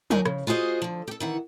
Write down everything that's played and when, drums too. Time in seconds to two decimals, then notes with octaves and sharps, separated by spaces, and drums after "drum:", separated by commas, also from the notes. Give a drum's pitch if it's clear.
0.10 D#2 D4 D#4 F#4 A#4 G#5, drum: tom
0.25 C#3, drum: rim click
0.47 F4 F#4 G#4 C5 D#5
0.82 D3 F3
1.08 G4 A4
1.20 D#3 E3 F#5